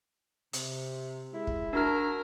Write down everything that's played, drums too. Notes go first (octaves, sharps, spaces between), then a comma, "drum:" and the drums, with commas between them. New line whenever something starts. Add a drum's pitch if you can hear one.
C3, drum: hi-hat
G#3 E4
drum: kick
D4 F#4 A#4 F6